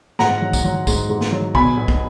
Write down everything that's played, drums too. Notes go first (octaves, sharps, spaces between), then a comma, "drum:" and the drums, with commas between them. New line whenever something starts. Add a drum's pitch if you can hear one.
G#2 F#5 A#5, drum: snare
F#3
drum: kick, tambourine
F#3
G#2, drum: kick, tambourine
G#2
drum: snare
F#3
B2 G#5 B5, drum: kick
B1
drum: kick